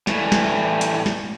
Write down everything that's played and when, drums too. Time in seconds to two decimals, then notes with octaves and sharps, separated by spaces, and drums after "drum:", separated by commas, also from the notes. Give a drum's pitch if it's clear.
0.07 A2 E3 G3, drum: snare
0.32 drum: snare
0.81 drum: hi-hat
1.06 drum: snare